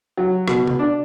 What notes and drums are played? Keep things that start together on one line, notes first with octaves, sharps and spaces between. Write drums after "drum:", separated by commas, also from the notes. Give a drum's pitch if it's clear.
F#3
B2, drum: rim click
drum: tom C3
D4